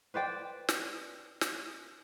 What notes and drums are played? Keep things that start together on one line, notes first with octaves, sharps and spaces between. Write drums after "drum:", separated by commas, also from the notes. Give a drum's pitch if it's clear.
B4 C5 D5 G5
drum: snare
drum: snare